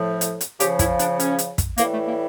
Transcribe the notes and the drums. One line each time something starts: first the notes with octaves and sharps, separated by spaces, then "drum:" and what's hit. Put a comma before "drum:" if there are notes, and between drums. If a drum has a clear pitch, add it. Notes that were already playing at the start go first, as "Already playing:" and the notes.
Already playing: A2 F3
drum: hi-hat
drum: hi-hat
C#3 F3 G4, drum: hi-hat
E4, drum: kick, hi-hat
D4, drum: hi-hat
C#4, drum: hi-hat
drum: hi-hat
drum: kick, hi-hat
A2 E3 G3 A#3, drum: hi-hat
A3
A#3